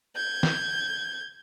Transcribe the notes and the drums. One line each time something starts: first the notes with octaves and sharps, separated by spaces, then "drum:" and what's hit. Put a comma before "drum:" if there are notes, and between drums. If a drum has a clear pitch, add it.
G6 G#6
drum: snare